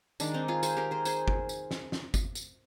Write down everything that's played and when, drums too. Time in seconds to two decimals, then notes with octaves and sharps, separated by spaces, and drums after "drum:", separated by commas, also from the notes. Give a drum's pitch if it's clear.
0.20 D#3 G#3 D4, drum: tambourine
0.34 C4 D#4
0.48 F4 G#4
0.63 G#4 C5, drum: tambourine
0.77 G4 A#4
0.91 G#4 C5
1.05 G#4 C5, drum: tambourine
1.28 drum: kick G1
1.49 drum: tambourine
1.71 drum: snare
1.92 drum: snare
2.14 drum: kick G1, tambourine
2.35 drum: tambourine